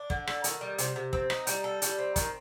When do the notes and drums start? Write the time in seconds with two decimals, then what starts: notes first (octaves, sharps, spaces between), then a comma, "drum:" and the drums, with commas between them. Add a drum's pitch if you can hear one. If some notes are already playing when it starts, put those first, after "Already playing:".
Already playing: D4
0.10 D3, drum: kick
0.27 A4, drum: rim click
0.44 D#3, drum: hi-hat
0.61 G3
0.78 C3, drum: hi-hat
0.96 C3
1.13 C4, drum: kick
1.30 D#4, drum: rim click
1.47 G3, drum: hi-hat
1.64 A4
1.82 G3, drum: hi-hat
1.98 C4
2.16 D#3, drum: kick, hi-hat